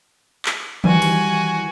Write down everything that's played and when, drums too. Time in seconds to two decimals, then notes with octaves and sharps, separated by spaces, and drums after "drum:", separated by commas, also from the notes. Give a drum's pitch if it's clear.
0.46 drum: clap
0.84 D#3 E3 G3 F#4 G#5, drum: tom E3
1.02 drum: cymbal